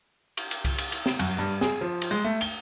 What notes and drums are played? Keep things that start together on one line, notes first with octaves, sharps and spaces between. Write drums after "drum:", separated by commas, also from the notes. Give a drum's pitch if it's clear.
drum: cymbal
drum: cymbal
drum: kick C2, cymbal
drum: cymbal
drum: cymbal
drum: snare
F#2, drum: cymbal
G2
G#4, drum: snare
F3
drum: cymbal
G#3
A3
G7, drum: cymbal